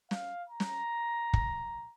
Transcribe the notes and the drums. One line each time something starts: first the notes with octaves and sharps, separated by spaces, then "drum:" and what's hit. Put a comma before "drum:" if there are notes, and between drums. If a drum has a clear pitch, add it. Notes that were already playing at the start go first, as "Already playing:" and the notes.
F5, drum: snare
A#5
drum: snare
drum: kick